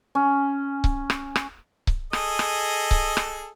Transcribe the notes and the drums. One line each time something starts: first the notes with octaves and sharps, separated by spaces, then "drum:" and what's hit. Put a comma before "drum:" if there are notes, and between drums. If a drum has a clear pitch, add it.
C#4
drum: kick C#1
drum: rim click
drum: rim click
drum: kick C#1
G#4 A4 D#5, drum: rim click
drum: rim click
drum: kick C#1
drum: rim click